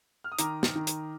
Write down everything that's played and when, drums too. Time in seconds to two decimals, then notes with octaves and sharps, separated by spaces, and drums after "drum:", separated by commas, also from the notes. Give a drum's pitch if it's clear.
0.24 F6
0.32 D#6
0.39 D#3 A#5 D6, drum: hi-hat
0.63 drum: snare
0.75 D#3
0.87 drum: hi-hat